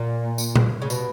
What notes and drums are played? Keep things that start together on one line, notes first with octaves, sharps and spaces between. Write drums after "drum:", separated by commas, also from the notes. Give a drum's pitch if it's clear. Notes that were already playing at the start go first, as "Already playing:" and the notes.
Already playing: A#2
drum: tambourine
drum: tom A#2
C#3
B2, drum: tambourine